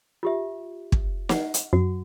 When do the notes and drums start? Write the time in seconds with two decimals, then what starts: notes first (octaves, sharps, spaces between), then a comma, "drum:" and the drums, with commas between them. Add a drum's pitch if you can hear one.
0.23 F4 G4 E5
0.92 drum: kick
1.29 F#5, drum: snare
1.54 drum: hi-hat
1.73 F#2 F#4